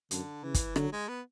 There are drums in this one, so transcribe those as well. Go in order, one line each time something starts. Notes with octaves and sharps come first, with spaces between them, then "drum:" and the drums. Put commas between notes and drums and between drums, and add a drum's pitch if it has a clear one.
F#2 D3, drum: hi-hat
C#3 E3
drum: kick, hi-hat
D3 F#3, drum: rim click
G#3
B3